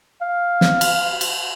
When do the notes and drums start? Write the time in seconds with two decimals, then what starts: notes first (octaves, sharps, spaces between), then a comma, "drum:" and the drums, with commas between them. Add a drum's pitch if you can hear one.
0.21 F5
0.61 drum: snare
0.81 drum: cymbal
1.21 drum: cymbal